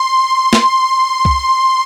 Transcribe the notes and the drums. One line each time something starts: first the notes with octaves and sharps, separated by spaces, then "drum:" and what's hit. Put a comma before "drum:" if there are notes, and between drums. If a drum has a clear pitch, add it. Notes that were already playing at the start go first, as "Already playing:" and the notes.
Already playing: C6
drum: snare
drum: kick